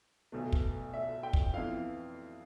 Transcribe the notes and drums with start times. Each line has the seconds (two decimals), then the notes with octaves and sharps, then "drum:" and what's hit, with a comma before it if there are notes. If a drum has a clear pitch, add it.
0.32 B1 B2 A3
0.52 drum: kick
0.94 E5
1.23 G5
1.33 drum: kick
1.54 F2 E3 B3 E4 F5